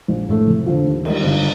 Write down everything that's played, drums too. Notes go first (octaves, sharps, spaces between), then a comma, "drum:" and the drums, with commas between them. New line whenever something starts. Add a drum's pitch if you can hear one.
A#1
A2 A3
F1
F2 D3 F3
D#2
D#3 G3, drum: cymbal
G1